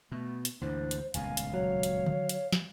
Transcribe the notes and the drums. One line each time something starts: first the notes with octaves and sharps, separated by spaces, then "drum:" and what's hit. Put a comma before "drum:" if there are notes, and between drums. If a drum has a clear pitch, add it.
B2 A3
drum: hi-hat
D2 G#2 E3 D4 C5
drum: hi-hat
D#1 C#2 B2 F5 G#5, drum: hi-hat
drum: hi-hat
F#3 C#5
drum: hi-hat
drum: tom D3
drum: hi-hat
drum: snare